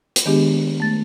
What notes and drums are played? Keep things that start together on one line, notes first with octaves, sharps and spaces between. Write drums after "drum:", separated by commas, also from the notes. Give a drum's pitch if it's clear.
drum: hi-hat
D#3 G#3 B3 D4 G4 G#4
A3 A6